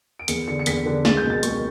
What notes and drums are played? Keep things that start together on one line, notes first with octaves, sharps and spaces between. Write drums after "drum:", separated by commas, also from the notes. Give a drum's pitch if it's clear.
D7
E2 C#7, drum: hi-hat
D3 C#7
C#7
E2 B6, drum: hi-hat
D3
C#2 A6, drum: snare
G6
B2
A6
C#2 C#6, drum: hi-hat